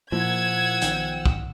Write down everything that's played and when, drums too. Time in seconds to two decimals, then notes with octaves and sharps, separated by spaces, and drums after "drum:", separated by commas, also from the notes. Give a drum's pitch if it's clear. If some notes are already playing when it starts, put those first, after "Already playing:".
0.12 A#2 F3 A#3 E4 F#5 E6 G#6
0.82 B1 D#3 G5, drum: hi-hat
1.26 drum: kick